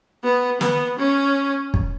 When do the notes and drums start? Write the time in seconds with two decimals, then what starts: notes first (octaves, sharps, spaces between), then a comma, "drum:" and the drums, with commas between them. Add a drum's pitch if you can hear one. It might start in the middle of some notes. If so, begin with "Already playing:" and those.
0.23 B3
0.61 B3, drum: snare
0.99 C#4
1.74 drum: kick